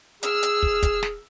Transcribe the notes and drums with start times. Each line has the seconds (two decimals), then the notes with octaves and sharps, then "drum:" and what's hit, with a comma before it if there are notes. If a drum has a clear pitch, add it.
0.23 G#4 E6 F6, drum: hi-hat
0.43 drum: hi-hat
0.63 drum: kick
0.83 drum: kick, hi-hat
1.03 drum: snare